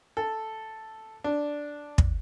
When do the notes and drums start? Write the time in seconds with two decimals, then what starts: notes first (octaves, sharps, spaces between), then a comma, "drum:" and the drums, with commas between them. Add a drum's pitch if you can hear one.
0.17 A4
1.24 D4
1.98 drum: kick